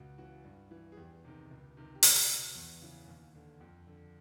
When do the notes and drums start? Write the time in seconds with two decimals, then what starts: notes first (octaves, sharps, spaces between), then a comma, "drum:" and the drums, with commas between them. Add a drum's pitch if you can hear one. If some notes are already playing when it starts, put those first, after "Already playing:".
Already playing: C#2 F#4
0.18 C#3 E3 F#4
0.45 G2
0.71 E3
0.92 G#4
0.97 E2 G4
1.25 C3 D#3
1.51 C#2
1.77 C3 D#3
1.95 G4
2.03 C#2 F#4, drum: open hi-hat
2.29 B2
2.55 E2
2.82 C#3 E3
3.08 D#2
3.35 D3
3.61 F2
3.87 D3